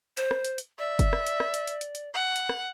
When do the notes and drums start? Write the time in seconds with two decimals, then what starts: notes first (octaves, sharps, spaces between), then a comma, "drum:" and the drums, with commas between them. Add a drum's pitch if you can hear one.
0.17 C5, drum: hi-hat
0.31 drum: rim click
0.45 drum: hi-hat
0.58 drum: hi-hat
0.79 D5 E5
0.99 drum: kick F#1, hi-hat
1.13 drum: rim click
1.26 drum: hi-hat
1.40 drum: rim click
1.54 drum: hi-hat
1.67 drum: hi-hat
1.81 drum: hi-hat
1.95 drum: hi-hat
2.14 F#5
2.36 drum: hi-hat
2.49 drum: rim click